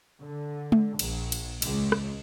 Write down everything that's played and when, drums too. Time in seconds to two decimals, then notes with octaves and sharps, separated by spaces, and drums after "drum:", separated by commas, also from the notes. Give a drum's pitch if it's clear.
0.22 D3
0.72 drum: tom G#3
0.99 A#1, drum: cymbal
1.32 drum: cymbal
1.62 C#2, drum: cymbal
1.92 drum: rim click